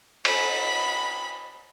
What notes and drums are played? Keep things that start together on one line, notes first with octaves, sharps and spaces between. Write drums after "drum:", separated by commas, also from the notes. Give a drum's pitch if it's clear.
B5, drum: cymbal